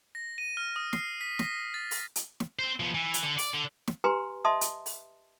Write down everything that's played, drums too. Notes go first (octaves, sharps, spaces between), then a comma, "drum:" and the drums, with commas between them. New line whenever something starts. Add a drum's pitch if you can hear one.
A#6
D#7
F6
D#6
C7, drum: snare
B6
A#6, drum: snare
A6
drum: open hi-hat
drum: hi-hat
drum: snare
C4 C5
F3 B3
E3
drum: hi-hat
D3
D5, drum: open hi-hat
D3
drum: snare
G4 B4 G#5 A#5 C6
D#5 E5 A5 C6 D#6
drum: hi-hat
drum: open hi-hat